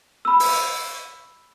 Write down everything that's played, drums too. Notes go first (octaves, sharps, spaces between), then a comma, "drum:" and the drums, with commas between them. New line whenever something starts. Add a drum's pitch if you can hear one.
B5 E6
drum: open hi-hat